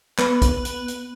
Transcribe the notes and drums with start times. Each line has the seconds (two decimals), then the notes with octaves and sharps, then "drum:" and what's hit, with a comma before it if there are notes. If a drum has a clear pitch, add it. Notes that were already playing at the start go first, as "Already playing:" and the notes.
0.18 B3, drum: clap
0.42 drum: kick A#1, hi-hat
0.65 drum: hi-hat
0.88 drum: hi-hat